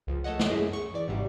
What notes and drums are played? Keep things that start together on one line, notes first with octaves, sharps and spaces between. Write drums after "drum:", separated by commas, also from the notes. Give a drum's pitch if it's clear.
C#2 F3
A3 A4 C#5 D#5 F#5
drum: snare
F#2 E4 G#4 D#5
C#6
E3 D5
G#1 G#2 C3 F#3 G3